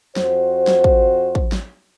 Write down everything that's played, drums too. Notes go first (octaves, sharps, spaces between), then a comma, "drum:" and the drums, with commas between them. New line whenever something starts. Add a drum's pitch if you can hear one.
F2 F#4 C5, drum: snare
drum: snare
drum: kick
drum: kick
drum: snare